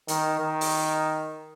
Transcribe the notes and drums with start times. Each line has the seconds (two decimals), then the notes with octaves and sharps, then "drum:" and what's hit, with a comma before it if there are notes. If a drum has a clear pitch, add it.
0.08 D#3, drum: hi-hat
0.40 D#3
0.61 drum: open hi-hat